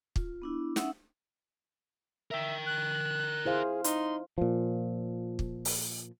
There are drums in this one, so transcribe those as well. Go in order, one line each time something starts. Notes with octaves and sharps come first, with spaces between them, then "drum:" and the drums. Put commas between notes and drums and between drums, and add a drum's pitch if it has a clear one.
F4, drum: kick
B3 D4 E4
C#4 D#4 E5 F#5 E6, drum: snare
A#4 E5 G5
F#6
E4 G#4 C5 F5
D#4 C6, drum: hi-hat
A#2 F3
drum: kick
drum: open hi-hat